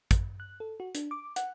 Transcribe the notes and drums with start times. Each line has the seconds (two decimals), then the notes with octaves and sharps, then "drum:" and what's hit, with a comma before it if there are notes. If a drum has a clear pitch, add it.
0.11 drum: kick, hi-hat
0.40 F#6
0.60 A4
0.80 F#4
0.95 D4, drum: hi-hat
1.11 D6
1.36 F#5, drum: hi-hat